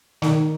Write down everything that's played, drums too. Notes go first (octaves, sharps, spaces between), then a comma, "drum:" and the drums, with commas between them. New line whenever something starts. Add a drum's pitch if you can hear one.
D#3, drum: snare